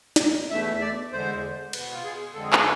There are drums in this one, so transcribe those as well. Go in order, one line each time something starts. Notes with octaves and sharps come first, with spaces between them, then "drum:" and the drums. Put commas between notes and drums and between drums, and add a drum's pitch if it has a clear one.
drum: snare
E2 B2 A3 E5
E5
D5
E2 D3 G#3 C5
B2 B3 B4, drum: cymbal
F4
G#4
F2 D3 G#3 C4 A4
G#4
A4, drum: clap